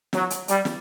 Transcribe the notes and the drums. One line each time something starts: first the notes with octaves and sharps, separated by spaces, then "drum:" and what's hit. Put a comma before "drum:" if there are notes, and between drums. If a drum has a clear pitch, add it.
F#3, drum: snare
drum: hi-hat
G3, drum: hi-hat
drum: snare